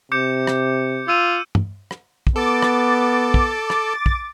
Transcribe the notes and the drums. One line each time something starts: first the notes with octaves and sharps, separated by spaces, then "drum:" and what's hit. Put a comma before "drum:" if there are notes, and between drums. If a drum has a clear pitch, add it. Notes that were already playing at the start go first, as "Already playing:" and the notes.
C3 D6 G6 C#7
drum: rim click
F4 E6 D#7
drum: tom
drum: rim click
drum: kick
B3 A4 D6 A6
drum: rim click
drum: kick
drum: rim click
drum: kick